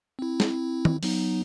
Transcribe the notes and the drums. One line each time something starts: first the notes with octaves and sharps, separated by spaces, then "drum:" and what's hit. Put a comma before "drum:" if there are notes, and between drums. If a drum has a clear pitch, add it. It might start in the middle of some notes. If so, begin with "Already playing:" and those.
C4 E4
drum: snare
drum: tom
F#3 B3 D#4, drum: open hi-hat